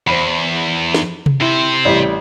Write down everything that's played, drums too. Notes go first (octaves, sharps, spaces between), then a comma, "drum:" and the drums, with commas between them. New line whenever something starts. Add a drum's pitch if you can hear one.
E2 C5 B5
drum: snare
drum: tom C3
C3 E4 C5
A1 G3 B6